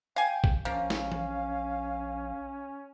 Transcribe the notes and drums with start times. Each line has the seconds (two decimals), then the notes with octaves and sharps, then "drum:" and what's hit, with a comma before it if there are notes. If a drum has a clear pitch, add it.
0.16 F5 G5 G#5
0.44 drum: kick A#1
0.65 A#1 F3 A#3 C#4 F5
0.90 drum: snare
1.12 drum: tom E3